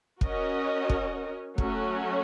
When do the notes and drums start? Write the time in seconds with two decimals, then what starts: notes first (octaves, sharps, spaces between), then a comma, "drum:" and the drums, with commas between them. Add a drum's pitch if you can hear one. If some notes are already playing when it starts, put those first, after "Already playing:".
0.21 C#4 F#4 A#4 D#5, drum: kick
0.90 drum: kick
1.58 F#3 A3 C#4 F#4, drum: kick